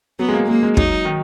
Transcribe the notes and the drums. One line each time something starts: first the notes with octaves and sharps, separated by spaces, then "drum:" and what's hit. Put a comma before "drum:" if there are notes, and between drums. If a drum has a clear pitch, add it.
F#3 B3
G#3
A#3
G#3 A#3
G#3
F#3 D#4, drum: kick
D#3